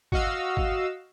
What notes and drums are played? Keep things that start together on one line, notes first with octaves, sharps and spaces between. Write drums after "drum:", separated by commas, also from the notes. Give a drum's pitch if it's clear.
F#4 D#5 F5 E6, drum: kick G#1
drum: kick G#1